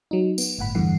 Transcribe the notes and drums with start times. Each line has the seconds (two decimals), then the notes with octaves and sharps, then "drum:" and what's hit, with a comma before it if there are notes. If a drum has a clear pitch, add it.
0.11 F#3 D#4
0.38 B3, drum: tambourine
0.58 G1 A2 F#5 B5
0.75 E2 G2 D3 E3 F#5 C7